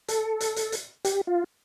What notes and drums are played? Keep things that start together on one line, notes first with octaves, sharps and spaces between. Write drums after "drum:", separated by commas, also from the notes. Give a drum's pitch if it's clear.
A4, drum: hi-hat
drum: hi-hat
drum: hi-hat
drum: hi-hat
G4, drum: hi-hat
F4